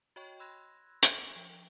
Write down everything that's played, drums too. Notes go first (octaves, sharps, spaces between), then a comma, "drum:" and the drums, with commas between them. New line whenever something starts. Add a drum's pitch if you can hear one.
F#4 C#5 D#5 G5 C#6
B5 C6 E6 F#6 G#6 A#6
D6, drum: hi-hat
F3 G5 G7